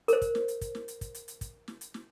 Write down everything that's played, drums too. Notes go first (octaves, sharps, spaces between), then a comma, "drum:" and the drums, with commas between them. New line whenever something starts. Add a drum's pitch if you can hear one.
A#4 C5, drum: hi-hat
drum: kick, hi-hat
drum: snare
drum: hi-hat
drum: kick, hi-hat
drum: snare
drum: hi-hat
drum: kick, hi-hat
drum: hi-hat
drum: hi-hat
drum: kick, hi-hat
drum: snare
drum: hi-hat
drum: snare